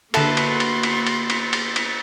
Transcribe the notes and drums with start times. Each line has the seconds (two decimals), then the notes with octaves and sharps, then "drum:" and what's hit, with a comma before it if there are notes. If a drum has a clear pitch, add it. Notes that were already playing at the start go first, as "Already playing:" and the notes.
0.14 D3 A#3 F#4 A4 B4 E5 A5 C6, drum: cymbal
0.37 drum: cymbal
0.60 drum: cymbal
0.83 drum: cymbal
1.07 drum: cymbal
1.30 drum: cymbal
1.53 drum: cymbal
1.76 drum: cymbal